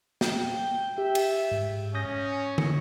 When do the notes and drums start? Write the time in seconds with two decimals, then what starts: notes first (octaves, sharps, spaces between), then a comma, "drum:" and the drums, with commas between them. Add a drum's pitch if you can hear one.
0.21 G5, drum: snare
0.98 G4 E5
1.15 drum: cymbal
1.51 G#2
1.95 C#4 D#6 G6 A#6
2.32 C#6
2.58 drum: tom